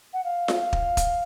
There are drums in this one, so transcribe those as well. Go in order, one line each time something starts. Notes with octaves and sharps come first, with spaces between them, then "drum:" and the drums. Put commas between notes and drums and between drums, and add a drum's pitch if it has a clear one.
F#5
F5
drum: snare F4
drum: kick
drum: kick, hi-hat